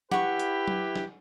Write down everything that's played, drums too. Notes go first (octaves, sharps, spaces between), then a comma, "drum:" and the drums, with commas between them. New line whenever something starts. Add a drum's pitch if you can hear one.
E4 G4 B4 F#5 C#6, drum: snare
drum: hi-hat
drum: tom F#3
drum: snare